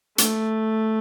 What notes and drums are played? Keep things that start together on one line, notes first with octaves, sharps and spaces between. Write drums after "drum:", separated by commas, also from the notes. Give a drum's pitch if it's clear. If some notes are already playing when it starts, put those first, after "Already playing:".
A3, drum: hi-hat